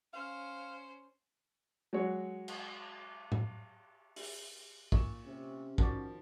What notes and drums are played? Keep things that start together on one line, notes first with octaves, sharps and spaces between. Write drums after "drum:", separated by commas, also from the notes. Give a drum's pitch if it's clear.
C#4 C5 F5
F#3 G#3 F#4 C#5
drum: cymbal
drum: tom
drum: open hi-hat
A#2 C#6 E7, drum: kick
C3 C#4
D#3 F3 F#4 D5, drum: kick